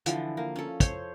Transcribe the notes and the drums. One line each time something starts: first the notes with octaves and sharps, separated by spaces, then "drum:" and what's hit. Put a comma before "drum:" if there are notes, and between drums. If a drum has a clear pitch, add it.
D3 E3 F3, drum: hi-hat
A#3
C#4 A4
C5 C#5, drum: kick, hi-hat